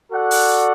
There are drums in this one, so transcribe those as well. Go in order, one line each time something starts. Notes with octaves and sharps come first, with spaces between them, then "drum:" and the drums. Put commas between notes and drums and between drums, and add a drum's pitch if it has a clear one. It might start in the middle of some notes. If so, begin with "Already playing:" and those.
F#4 A4 D5 F#5
drum: open hi-hat